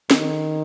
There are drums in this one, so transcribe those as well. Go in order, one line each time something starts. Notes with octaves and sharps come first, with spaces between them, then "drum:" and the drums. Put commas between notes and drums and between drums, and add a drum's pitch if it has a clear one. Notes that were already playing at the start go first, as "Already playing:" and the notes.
D#3, drum: snare